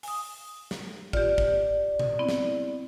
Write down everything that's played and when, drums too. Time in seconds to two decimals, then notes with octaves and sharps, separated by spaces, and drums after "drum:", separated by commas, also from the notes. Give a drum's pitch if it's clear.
0.03 G#5 D#6, drum: open hi-hat
0.71 drum: snare
1.13 F4 G4 D5, drum: kick
1.38 drum: kick
1.99 drum: tom B2
2.19 B3 C4 E4
2.29 drum: snare